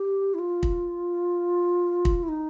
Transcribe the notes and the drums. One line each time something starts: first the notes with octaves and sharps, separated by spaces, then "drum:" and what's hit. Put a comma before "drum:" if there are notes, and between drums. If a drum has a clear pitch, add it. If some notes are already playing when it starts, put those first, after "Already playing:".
Already playing: G4
E4
F4
drum: kick
drum: kick
E4
D#4